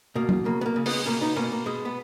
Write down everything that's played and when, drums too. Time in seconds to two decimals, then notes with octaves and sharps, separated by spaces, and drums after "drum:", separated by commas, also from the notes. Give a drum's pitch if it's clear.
0.15 B2 A#3
0.29 drum: tom
0.45 C#3 A#3
0.61 B3
0.66 A#3
0.76 C#3
0.86 G#3 B3, drum: open hi-hat
1.06 B2 A#3 C#4
1.21 B3 D#4
1.36 B2 A#3 C#4
1.52 A#3
1.66 B2 G#3
1.85 B3